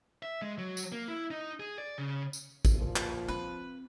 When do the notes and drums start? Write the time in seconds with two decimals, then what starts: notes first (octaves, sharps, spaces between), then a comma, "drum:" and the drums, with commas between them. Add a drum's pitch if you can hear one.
0.23 E5
0.42 G#3
0.58 F#3
0.77 drum: tambourine
0.92 A#3
1.08 E4
1.31 D#4
1.60 G#4
1.78 D5
1.98 C#3
2.33 drum: tambourine
2.65 drum: kick, tambourine
2.77 A#2 F3
2.96 drum: clap
3.28 C4 B4